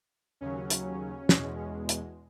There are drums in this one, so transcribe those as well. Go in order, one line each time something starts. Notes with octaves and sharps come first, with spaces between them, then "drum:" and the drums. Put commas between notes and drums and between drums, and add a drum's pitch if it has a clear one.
D#2 C#3 F#3 C#4
drum: hi-hat
E2 B2 G#3, drum: snare
drum: hi-hat